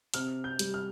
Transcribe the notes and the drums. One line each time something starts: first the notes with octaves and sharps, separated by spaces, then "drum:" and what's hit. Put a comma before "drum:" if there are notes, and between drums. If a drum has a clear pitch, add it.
C3 F6, drum: hi-hat
G6
G3, drum: hi-hat
F6